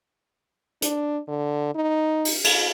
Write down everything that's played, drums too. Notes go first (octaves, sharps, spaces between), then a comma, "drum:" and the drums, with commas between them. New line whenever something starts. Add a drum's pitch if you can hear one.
D4, drum: hi-hat
D3
D#4
drum: open hi-hat
drum: cymbal